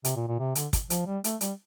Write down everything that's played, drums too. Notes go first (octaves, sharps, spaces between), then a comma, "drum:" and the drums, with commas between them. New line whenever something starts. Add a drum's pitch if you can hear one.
C3, drum: hi-hat
A#2
A#2
C3
D3, drum: hi-hat
drum: kick, hi-hat
F3, drum: hi-hat
G3
A3, drum: hi-hat
G3, drum: hi-hat